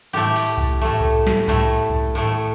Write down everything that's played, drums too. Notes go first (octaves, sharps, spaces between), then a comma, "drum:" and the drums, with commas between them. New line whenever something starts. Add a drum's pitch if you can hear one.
A2 A3 G4
drum: open hi-hat
drum: kick C2
A2 A3
drum: kick C2
drum: snare
A2 A3, drum: kick C2
drum: kick C2
A2 A3